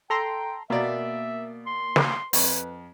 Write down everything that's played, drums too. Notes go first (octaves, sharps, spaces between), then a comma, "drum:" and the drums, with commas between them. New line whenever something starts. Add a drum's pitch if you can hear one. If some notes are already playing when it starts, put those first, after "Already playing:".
A4 G5 A#5 C6
B2 A#3 D5 E5
C6
drum: snare
F2 B4, drum: open hi-hat